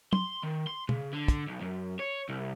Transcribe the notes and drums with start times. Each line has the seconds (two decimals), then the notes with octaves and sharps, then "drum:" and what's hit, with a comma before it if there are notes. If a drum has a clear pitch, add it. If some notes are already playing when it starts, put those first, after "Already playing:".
0.13 C6, drum: tom
0.43 D#3
0.67 C6
0.89 C#3, drum: tom
1.14 D3
1.28 drum: kick, hi-hat
1.49 B1
1.62 F#2
2.00 C#5
2.29 C2